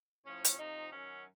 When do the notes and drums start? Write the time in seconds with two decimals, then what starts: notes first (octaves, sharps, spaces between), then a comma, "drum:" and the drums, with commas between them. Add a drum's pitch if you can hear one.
0.25 A2 F3 C#4
0.45 drum: hi-hat
0.59 C3 F3 D#4
0.91 F#2 D#3 F#3 C#4